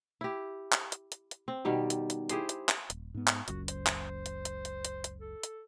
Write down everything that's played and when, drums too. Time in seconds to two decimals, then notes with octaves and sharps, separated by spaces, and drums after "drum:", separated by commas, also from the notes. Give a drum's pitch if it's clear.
0.21 E4 G4
0.72 drum: clap
0.92 drum: hi-hat
1.12 drum: hi-hat
1.31 drum: hi-hat
1.48 C4
1.65 B2 D#3 G3 G4
1.90 drum: hi-hat
2.10 drum: hi-hat
2.29 E4 G4 G#4 C5, drum: hi-hat
2.49 drum: hi-hat
2.69 drum: clap
2.90 D#1, drum: hi-hat
3.14 G#2 B3
3.28 drum: clap
3.48 F#1 C#2 F#2 F#4, drum: hi-hat
3.68 C5, drum: hi-hat
3.86 drum: clap
4.26 drum: hi-hat
4.45 drum: hi-hat
4.65 drum: hi-hat
4.85 drum: hi-hat
5.04 drum: hi-hat
5.21 A4
5.43 drum: hi-hat